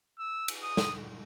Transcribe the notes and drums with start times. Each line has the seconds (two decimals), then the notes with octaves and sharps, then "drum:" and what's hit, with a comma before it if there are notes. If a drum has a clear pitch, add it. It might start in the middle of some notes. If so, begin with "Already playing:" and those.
0.19 E6
0.48 drum: cymbal
0.63 D#6
0.77 drum: snare